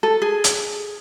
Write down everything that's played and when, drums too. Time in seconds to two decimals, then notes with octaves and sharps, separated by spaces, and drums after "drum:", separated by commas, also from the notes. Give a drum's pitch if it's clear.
0.03 A4
0.22 G#4
0.44 drum: hi-hat